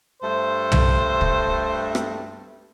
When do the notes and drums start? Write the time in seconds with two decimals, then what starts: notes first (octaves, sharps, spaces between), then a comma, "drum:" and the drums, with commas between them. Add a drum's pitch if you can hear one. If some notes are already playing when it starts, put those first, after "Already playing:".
0.22 G2 A3 C5
0.72 drum: tom
1.21 drum: kick
1.95 drum: rim click